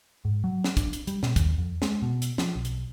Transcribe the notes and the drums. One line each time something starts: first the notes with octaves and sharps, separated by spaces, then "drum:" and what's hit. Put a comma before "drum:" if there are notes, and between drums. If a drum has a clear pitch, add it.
G#2
F#3
drum: snare
D4, drum: kick, hi-hat
drum: hi-hat
G3, drum: hi-hat
B2, drum: snare
D#2, drum: kick, hi-hat
F2
G#3, drum: snare
B2
drum: hi-hat
F3, drum: snare
B1
drum: hi-hat